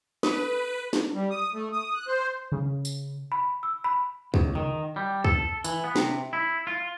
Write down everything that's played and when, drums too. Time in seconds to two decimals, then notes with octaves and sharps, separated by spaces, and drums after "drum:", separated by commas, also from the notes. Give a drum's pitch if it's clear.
0.23 A4 B4, drum: snare
0.93 drum: snare
1.14 G3
1.30 D#6
1.53 A3
1.73 D#6
1.95 F#6
2.07 C5
2.52 C#3
2.85 drum: tambourine
3.32 B5
3.63 E6
3.84 B5
4.34 C#2, drum: kick
4.55 D#3, drum: tom C3
4.96 G3
5.24 A4, drum: kick
5.64 E3, drum: tambourine
5.84 B3
5.96 C3, drum: snare
6.33 E4
6.67 F4